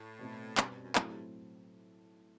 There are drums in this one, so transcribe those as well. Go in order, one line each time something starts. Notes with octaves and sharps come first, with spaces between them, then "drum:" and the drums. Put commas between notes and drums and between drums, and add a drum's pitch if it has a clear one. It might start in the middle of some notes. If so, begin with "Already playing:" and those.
Already playing: A2
B2 A3 C4 E4
G2 B2 G3 C4, drum: clap
G2
F#2
F#2 A2 F#3 A3 C4 E4, drum: clap
G2